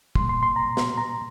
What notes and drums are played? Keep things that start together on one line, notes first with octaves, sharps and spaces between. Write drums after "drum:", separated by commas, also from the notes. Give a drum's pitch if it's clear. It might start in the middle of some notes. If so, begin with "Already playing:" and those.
A#2 G3 A#3 C6, drum: kick
C6
C6
A#5
drum: snare
A#5